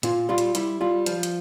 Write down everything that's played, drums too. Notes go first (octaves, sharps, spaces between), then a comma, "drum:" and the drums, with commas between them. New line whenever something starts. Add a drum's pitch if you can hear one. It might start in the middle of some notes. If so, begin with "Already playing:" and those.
A#2 F4, drum: hi-hat
G3 F4
drum: hi-hat
G3 E4, drum: hi-hat
G3 F4
F3, drum: hi-hat
drum: hi-hat